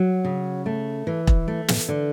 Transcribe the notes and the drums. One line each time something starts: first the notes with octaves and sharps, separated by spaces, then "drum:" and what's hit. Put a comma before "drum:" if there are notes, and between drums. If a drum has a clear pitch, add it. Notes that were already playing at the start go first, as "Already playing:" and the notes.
Already playing: F#3
C#3
A3
E3
drum: kick E1
A3
drum: snare
D3